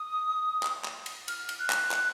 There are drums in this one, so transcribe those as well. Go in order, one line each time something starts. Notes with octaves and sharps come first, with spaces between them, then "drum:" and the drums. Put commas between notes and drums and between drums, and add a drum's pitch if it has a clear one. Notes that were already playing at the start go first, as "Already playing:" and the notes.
Already playing: D#6
drum: clap
drum: clap
drum: cymbal
F6, drum: cymbal
drum: cymbal
F#6
drum: clap
drum: clap